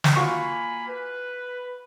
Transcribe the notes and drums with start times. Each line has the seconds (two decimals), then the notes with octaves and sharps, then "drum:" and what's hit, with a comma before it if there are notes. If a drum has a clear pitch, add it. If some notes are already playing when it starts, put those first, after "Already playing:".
0.04 drum: snare
0.16 A#3 F4 F#4 G#5 B5 C#6
0.88 B4